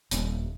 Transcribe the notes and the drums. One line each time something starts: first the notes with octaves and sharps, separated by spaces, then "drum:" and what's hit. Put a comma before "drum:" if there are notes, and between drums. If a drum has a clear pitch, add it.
D#1, drum: hi-hat